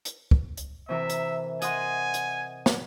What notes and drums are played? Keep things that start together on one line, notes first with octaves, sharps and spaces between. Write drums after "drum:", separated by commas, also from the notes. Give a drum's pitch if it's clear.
drum: hi-hat
drum: kick
drum: hi-hat
C3 E3 A#4 E5
drum: hi-hat
D#5 F#5 G#5 C6, drum: hi-hat
drum: hi-hat
drum: snare